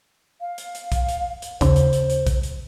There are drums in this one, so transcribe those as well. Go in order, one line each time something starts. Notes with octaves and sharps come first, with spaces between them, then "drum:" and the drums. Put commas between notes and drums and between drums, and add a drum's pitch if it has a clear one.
F5
drum: hi-hat
drum: hi-hat
drum: kick, hi-hat
drum: hi-hat
drum: hi-hat
D#2 C#3 C5, drum: kick, hi-hat
drum: hi-hat
drum: hi-hat
drum: hi-hat
drum: kick, hi-hat
drum: hi-hat